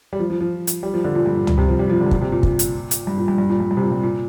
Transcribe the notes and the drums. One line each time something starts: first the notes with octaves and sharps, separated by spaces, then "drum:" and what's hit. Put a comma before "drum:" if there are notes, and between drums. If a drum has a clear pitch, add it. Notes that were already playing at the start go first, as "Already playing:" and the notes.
G3
F3
F3
F3
drum: hi-hat
G3
F3
D3
A#2
G2
A#2
G2, drum: tom C#2
C3
F3
G3
F3
D3
G2
A#2, drum: kick
C3
A#2
drum: kick
drum: hi-hat
drum: hi-hat
G2
A#2
G2
G2
A#2
G2
G2
C3
A#2
G2
A#2